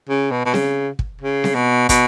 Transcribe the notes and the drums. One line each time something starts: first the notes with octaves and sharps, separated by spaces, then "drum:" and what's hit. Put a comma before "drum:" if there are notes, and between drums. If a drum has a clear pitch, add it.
C#3
B2
B2
C#3, drum: snare C4
drum: kick
C#3
drum: snare C4
B2
B2, drum: kick, hi-hat